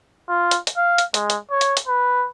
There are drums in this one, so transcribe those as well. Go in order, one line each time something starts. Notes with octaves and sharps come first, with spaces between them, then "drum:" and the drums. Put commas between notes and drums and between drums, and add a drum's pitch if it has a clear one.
F4
drum: hi-hat
drum: hi-hat
F5
drum: hi-hat
G#3, drum: hi-hat
drum: hi-hat
C#5
drum: hi-hat
drum: hi-hat
B4